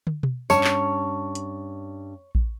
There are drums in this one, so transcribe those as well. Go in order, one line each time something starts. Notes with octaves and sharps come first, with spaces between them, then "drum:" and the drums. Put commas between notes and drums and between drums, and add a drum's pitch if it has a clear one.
drum: tom
drum: tom B2
G2 C#4 C#5 A5, drum: tambourine
drum: clap
drum: hi-hat
drum: kick A1